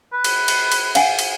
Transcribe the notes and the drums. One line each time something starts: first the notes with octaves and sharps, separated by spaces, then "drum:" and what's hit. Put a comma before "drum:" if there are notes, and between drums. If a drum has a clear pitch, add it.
B4
drum: cymbal
drum: cymbal
drum: cymbal
F5 F#5 G#5, drum: cymbal
drum: cymbal